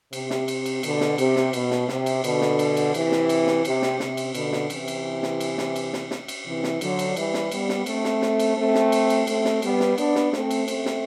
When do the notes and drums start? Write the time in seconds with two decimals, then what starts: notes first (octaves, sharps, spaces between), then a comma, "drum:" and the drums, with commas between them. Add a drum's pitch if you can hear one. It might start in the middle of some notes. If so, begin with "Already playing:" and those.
0.13 C3, drum: cymbal
0.30 drum: snare
0.48 drum: cymbal
0.66 drum: cymbal
0.83 B2 D3, drum: cymbal
1.01 drum: snare
1.18 C3, drum: cymbal
1.36 drum: snare
1.53 B2, drum: cymbal
1.71 drum: snare
1.89 C3, drum: snare
2.06 drum: cymbal
2.24 B2 D3, drum: cymbal
2.41 drum: snare
2.59 drum: cymbal
2.77 drum: cymbal
2.94 C3 E3, drum: cymbal
3.12 drum: snare
3.29 drum: cymbal
3.47 drum: snare
3.65 C3, drum: cymbal
3.82 drum: snare
4.00 C3, drum: snare
4.17 drum: cymbal
4.34 B2 D3, drum: cymbal
4.52 drum: snare
4.70 C3 E3, drum: cymbal
4.88 drum: cymbal
5.23 drum: snare
5.40 drum: cymbal
5.58 drum: snare
5.76 drum: cymbal
5.93 drum: snare
6.11 drum: snare
6.28 drum: cymbal
6.46 C3 E3
6.64 drum: snare
6.81 D3 F#3, drum: cymbal
6.99 drum: cymbal
7.16 E3 G3, drum: cymbal
7.34 drum: snare
7.51 G3 B3, drum: cymbal
7.69 drum: snare
7.86 A3 C4, drum: cymbal
8.04 drum: snare
8.22 drum: snare
8.39 drum: cymbal
8.57 A3 C4
8.75 drum: snare
8.92 drum: cymbal
9.10 drum: cymbal
9.27 A3 C4, drum: cymbal
9.45 drum: snare
9.62 G3 B3, drum: cymbal
9.80 drum: snare
9.98 B3 D4, drum: cymbal
10.15 drum: snare
10.33 A3 C4, drum: snare
10.51 drum: cymbal
10.68 A3 C4, drum: cymbal
10.86 drum: snare